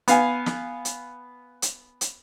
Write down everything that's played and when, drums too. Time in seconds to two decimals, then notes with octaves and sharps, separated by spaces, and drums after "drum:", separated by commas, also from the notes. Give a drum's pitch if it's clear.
0.08 B3 F5 G#5, drum: hi-hat
0.46 drum: snare
0.85 drum: hi-hat
1.62 drum: hi-hat
2.01 drum: hi-hat